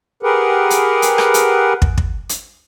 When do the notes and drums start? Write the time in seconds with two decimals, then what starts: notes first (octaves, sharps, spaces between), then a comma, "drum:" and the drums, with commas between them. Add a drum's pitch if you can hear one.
0.23 G4 G#4 A#4 B4 F#5
0.70 drum: hi-hat
1.02 drum: hi-hat
1.18 drum: rim click
1.34 drum: hi-hat
1.82 drum: kick
1.98 drum: kick
2.29 drum: hi-hat